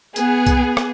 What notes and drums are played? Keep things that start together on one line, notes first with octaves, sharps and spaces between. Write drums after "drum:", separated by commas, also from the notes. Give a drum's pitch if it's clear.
B3 G#4, drum: hi-hat
drum: kick C2, hi-hat
drum: rim click